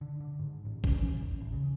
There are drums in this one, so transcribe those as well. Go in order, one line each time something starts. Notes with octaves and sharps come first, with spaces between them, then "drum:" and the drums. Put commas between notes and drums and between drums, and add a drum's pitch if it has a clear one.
D3
D3
G#2
A1
C#4, drum: kick A1
E3
D#2
A1
C#3